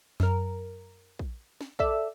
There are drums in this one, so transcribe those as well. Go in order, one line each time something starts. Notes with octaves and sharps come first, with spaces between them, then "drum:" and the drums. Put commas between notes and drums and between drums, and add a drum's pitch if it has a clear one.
F#2 A#4, drum: snare
drum: kick
drum: snare
A4 D5 E5 E6, drum: kick